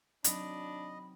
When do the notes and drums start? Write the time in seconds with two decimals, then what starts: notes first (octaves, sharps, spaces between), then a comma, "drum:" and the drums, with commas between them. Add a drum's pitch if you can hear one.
0.24 F#3 C4 D4 D#4 D#5 B5, drum: hi-hat